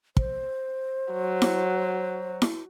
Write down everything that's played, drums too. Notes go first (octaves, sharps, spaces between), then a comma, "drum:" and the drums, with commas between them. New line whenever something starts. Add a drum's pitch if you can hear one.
C5, drum: kick
F#3
drum: snare E4
drum: snare E4